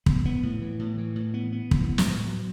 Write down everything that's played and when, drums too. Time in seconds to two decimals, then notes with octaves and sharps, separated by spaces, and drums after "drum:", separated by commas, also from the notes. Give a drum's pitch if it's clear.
0.06 B3, drum: kick
0.25 B3
0.43 A2
0.62 E3
0.79 A2
0.98 E3
1.16 A2
1.34 B3
1.52 B3
1.71 E3, drum: kick
1.89 B3
1.98 drum: snare
2.07 A2
2.26 F#3